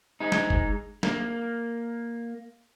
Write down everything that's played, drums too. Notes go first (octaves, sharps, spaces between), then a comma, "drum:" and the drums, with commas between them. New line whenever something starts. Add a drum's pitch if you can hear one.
G#3 D#4
drum: snare
drum: kick F#1
A#3, drum: snare